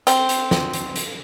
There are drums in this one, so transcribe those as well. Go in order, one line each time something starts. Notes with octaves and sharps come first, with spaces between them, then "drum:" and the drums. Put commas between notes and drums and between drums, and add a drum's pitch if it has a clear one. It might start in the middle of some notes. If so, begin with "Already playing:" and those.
C4, drum: hi-hat
drum: hi-hat
drum: snare
drum: hi-hat
drum: hi-hat